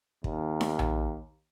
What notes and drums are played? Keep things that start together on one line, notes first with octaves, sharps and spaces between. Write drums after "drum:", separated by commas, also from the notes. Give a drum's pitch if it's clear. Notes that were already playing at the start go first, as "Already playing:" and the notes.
D#2, drum: kick
drum: snare D#4
drum: tom A#1